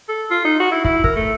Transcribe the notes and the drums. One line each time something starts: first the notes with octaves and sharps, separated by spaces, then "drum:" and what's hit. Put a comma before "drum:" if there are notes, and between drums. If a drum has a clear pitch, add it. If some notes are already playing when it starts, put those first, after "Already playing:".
A4
F4
D#4
F#4
E4
E4, drum: kick
A#4, drum: kick
A3